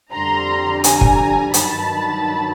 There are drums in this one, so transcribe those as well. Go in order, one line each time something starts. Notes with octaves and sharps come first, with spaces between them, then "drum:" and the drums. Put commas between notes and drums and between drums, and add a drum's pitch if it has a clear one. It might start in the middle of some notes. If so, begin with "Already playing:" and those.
F2 D3 G3 A#5 C6
G#5 A#5, drum: hi-hat
drum: kick
G2 D#3 F#3 A5 B5, drum: hi-hat